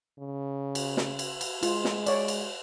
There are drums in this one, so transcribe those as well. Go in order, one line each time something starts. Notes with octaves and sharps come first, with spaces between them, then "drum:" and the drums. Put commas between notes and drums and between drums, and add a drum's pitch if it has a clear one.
C#3
drum: cymbal
drum: snare
drum: cymbal
drum: cymbal
G#3 F4, drum: cymbal
drum: snare
C#5 D5, drum: cymbal
drum: cymbal